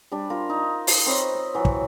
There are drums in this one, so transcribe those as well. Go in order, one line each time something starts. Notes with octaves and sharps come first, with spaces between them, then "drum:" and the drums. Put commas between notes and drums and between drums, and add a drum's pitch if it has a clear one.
G3 D4
F4 A#4
D#4
drum: open hi-hat
C4 B4 C#5 D#5
D#5
E3 F#3
drum: kick